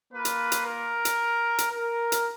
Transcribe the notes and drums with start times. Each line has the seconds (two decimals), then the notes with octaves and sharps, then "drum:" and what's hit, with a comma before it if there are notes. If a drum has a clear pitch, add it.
0.12 A#3 F4 B4
0.25 drum: hi-hat
0.52 drum: hi-hat
0.65 A#4
1.05 drum: hi-hat
1.58 drum: hi-hat
1.72 A#4
2.12 drum: hi-hat